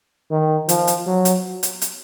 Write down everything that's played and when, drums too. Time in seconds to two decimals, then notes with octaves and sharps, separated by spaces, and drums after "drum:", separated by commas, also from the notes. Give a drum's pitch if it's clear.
0.31 D#3
0.69 F3, drum: hi-hat
0.87 drum: hi-hat
1.06 F#3
1.25 drum: hi-hat
1.63 drum: hi-hat
1.81 drum: hi-hat